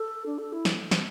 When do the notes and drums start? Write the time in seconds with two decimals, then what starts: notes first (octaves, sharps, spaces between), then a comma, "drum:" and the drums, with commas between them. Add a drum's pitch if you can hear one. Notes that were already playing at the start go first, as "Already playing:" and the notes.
Already playing: A4
0.26 D4
0.38 A4
0.53 E4
0.65 drum: snare
0.91 drum: snare